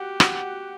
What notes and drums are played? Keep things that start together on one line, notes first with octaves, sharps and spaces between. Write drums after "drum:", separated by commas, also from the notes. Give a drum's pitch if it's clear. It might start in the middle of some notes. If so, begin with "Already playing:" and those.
Already playing: F#4 G4
F#4, drum: rim click